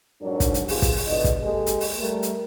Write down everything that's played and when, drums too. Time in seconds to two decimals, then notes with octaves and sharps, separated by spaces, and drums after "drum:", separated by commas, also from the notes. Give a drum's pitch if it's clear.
0.22 F2 G#2 F#3 D4 D#4 A#4
0.40 drum: kick, hi-hat
0.54 drum: hi-hat
0.68 F3 B3 F4 G4 G#4, drum: open hi-hat
0.82 drum: kick, hi-hat
0.96 drum: open hi-hat
1.06 E2 B2 D3 D#5
1.24 drum: kick, hi-hat
1.44 G#3 A#3 G4 A4
1.66 drum: hi-hat
1.80 drum: open hi-hat
2.00 G3 A3 A#4
2.23 drum: hi-hat